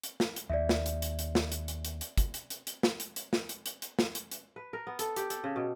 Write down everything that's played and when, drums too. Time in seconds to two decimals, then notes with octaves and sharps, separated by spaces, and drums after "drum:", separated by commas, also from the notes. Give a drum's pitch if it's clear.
0.03 drum: hi-hat
0.20 drum: snare
0.36 drum: hi-hat
0.50 D#2 D5 E5
0.69 drum: snare
0.86 drum: hi-hat
1.02 drum: hi-hat
1.19 drum: hi-hat
1.35 drum: snare
1.52 drum: hi-hat
1.68 drum: hi-hat
1.85 drum: hi-hat
2.01 drum: hi-hat
2.17 drum: kick, hi-hat
2.34 drum: hi-hat
2.50 drum: hi-hat
2.67 drum: hi-hat
2.83 drum: snare
3.00 drum: hi-hat
3.16 drum: hi-hat
3.33 drum: snare
3.49 drum: hi-hat
3.66 drum: hi-hat
3.82 drum: hi-hat
3.99 drum: snare
4.15 drum: hi-hat
4.31 drum: hi-hat
4.56 B4
4.73 A#4
4.87 B3
4.99 A4, drum: hi-hat
5.16 G4, drum: hi-hat
5.30 A4, drum: hi-hat
5.44 C#3
5.56 B2